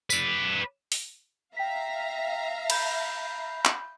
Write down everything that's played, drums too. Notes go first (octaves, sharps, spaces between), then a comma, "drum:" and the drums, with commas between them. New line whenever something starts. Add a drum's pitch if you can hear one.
B4 D5, drum: tambourine
drum: open hi-hat
E5 F5 G5 A#5 B6
B5 G6, drum: cymbal
drum: clap